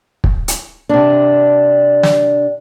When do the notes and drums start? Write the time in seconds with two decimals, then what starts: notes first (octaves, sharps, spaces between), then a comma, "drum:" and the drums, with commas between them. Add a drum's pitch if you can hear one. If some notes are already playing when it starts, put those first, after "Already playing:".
0.24 drum: kick
0.48 drum: hi-hat
0.89 C3 D4
2.03 drum: snare